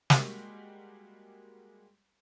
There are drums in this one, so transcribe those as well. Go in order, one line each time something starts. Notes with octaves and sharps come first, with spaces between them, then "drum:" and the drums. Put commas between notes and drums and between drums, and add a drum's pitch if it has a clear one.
G3 G#3 A#3 F#4 G4, drum: snare